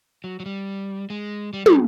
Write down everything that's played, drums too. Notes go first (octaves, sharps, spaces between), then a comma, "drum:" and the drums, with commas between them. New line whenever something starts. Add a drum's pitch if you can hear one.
F#3
F#3
G3
G#3
G3
G3, drum: tom